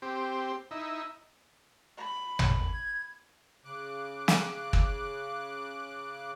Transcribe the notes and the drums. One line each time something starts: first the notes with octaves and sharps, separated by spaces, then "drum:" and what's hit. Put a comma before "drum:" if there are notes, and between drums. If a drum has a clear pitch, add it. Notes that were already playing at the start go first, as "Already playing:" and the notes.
C4 G4
D#4 E4
B5
drum: tom
G#6
C#3 D6 F#6
drum: snare
drum: kick